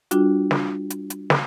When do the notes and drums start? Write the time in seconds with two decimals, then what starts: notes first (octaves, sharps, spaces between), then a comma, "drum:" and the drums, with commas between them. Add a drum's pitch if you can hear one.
0.11 G3 D4 F4 F#4, drum: hi-hat
0.51 drum: snare
0.90 drum: hi-hat
1.10 drum: hi-hat
1.30 drum: snare